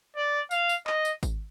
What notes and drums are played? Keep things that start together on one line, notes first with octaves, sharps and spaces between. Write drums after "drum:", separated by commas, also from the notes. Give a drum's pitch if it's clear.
D5
F5, drum: tambourine
drum: tambourine
D#5, drum: clap
drum: tambourine
drum: kick G#1, tambourine